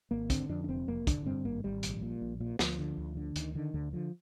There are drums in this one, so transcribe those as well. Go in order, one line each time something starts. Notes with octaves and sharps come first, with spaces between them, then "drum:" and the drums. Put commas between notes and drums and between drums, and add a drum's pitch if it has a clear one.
G#1 A#3
D3 C4, drum: kick, hi-hat
F2 D4
D4
F1 C4
F1 A#3
D3 D4, drum: kick, hi-hat
G2 C4
G#1 A#3
G#1 G3
A#1, drum: hi-hat
A#2
A#1
A#2
D2 F3, drum: snare
D3
D2
D3
D2 D#3, drum: hi-hat
D3 D#3
D2 D3
D3 F3